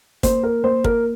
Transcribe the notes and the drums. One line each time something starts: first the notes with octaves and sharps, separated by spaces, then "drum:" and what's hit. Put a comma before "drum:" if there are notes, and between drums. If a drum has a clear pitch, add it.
A#3 C5, drum: kick, hi-hat
A#4
A#3 C5
A#4, drum: kick